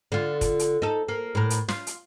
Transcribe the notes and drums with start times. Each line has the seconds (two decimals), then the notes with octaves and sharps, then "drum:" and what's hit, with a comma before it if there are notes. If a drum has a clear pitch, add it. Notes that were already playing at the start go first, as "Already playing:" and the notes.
0.12 D3 F4
0.41 drum: kick, hi-hat
0.59 drum: hi-hat
0.82 D#4 A4
1.09 A#3
1.35 A2 A#4
1.50 drum: hi-hat
1.69 F4, drum: snare
1.87 drum: hi-hat